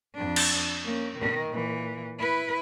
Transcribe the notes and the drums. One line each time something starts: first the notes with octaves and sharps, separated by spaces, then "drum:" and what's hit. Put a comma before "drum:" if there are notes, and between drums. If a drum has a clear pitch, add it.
F2 D4
drum: cymbal
A#3 C#4
B2 D#3
A#2 E3
E4 B4